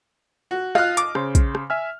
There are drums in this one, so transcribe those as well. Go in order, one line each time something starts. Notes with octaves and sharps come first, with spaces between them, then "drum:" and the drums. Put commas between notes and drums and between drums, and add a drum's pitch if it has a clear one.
F#4
F4 D#5 F6 F#6, drum: rim click
D6, drum: hi-hat
C#3 C5 C6, drum: rim click
drum: kick, hi-hat
drum: rim click
E5 G#5 F6